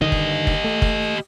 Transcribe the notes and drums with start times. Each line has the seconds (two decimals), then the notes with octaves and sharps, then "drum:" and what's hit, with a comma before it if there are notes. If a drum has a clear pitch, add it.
0.02 G2 D3 D#3 G4 D#5
0.12 drum: kick F#1
0.47 drum: kick F#1
0.64 A3
0.82 drum: kick F#1